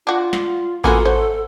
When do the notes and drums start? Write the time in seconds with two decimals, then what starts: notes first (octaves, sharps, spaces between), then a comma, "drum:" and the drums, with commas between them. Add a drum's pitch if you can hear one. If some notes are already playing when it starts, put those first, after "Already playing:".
0.07 D4 F4 F#4
0.33 drum: snare
0.84 A#3 B3 F4 F#4 G#4 A4, drum: kick A1
1.05 A3 C5 F#5